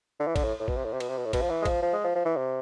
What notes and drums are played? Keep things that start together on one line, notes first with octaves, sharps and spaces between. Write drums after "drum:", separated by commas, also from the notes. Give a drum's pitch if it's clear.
D3
E3
D3, drum: kick, cymbal
A2
A2
B2, drum: kick
C3
A2
C3
B2, drum: cymbal
C3
B2
A2
B2, drum: kick, cymbal
F3
E3
G#3
F3, drum: kick, cymbal
F3
G#3
F3
F3
E3
C3